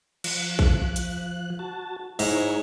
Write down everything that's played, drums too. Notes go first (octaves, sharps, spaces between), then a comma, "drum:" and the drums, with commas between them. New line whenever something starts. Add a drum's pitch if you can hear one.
F3 F#6, drum: cymbal
drum: kick
drum: hi-hat
F#4 A5
G#2 E4 C#5 A#5, drum: open hi-hat